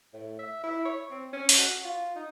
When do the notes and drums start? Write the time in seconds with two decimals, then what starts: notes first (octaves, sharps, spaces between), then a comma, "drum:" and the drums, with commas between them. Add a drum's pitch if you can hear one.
0.14 A2
0.39 E5
0.64 E4
0.85 C#5
1.11 C4
1.33 C#4
1.49 drum: open hi-hat
1.58 F#4
1.85 F4
2.16 D#4